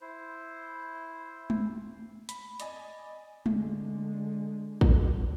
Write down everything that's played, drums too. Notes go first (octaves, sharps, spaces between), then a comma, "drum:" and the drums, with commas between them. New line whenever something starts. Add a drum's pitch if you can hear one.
E4 C5
drum: tom G#3
B5, drum: hi-hat
D5 D#5 G#5, drum: hi-hat
D3 G#3, drum: tom G#3
drum: kick